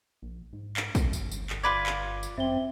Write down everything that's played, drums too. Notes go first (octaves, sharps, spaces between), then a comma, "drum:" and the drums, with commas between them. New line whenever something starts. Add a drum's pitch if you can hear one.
A#1
G#2
drum: clap
drum: kick, tambourine
G1, drum: tambourine
drum: tambourine
drum: clap
F4 B4 D5 G#6
drum: clap
drum: tambourine
F#2 C4 E5 G7